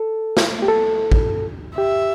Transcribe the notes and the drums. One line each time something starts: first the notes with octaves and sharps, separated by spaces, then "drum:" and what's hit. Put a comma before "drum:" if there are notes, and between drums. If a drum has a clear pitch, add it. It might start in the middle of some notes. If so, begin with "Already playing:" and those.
Already playing: A4
drum: snare
G4
A4
drum: kick
G4 E5